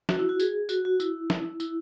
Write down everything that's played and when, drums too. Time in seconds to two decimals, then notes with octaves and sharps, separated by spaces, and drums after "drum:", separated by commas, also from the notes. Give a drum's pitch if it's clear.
0.09 F#4, drum: snare
0.19 E4
0.29 F#4
0.40 G#4, drum: tambourine
0.69 F#4, drum: tambourine
0.85 F#4
1.00 E4, drum: tambourine
1.30 drum: snare
1.60 E4, drum: tambourine